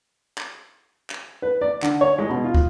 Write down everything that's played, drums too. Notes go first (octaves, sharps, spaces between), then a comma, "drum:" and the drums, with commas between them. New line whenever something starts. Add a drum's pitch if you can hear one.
drum: clap
drum: clap
B4
D5
D3, drum: clap
C#5
G#3
B2
F4
drum: kick